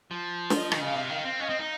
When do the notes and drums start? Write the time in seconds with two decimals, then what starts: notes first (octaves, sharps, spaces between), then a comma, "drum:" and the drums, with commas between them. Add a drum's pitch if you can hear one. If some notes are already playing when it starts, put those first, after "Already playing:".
0.11 F3
0.50 D#5, drum: snare
0.72 D#3, drum: rim click
0.80 C#3 F5
0.96 C3
1.10 D#3
1.25 C4
1.40 C#4 D#5
1.49 C4
1.59 D#4